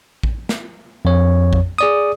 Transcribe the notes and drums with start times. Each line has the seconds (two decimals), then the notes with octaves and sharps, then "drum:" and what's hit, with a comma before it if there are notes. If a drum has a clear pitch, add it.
0.23 drum: kick A1
0.49 drum: snare
1.05 F2 C#5
1.53 drum: kick A1
1.78 G#4 D5 D#6